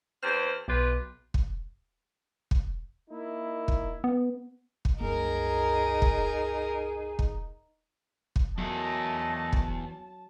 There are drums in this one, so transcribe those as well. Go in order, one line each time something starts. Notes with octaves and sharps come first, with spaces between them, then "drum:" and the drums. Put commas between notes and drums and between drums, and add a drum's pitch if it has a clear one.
E2 C4 C5 F6
B1 F4 G4 B4
drum: kick
drum: kick
A#3 D#4 E4
drum: kick
B3
drum: kick
C2 F#2 A#3 D#4 G#4 A#4
drum: kick
drum: kick
drum: kick
E2 A#2 F#3 A3 D#5 A5
drum: kick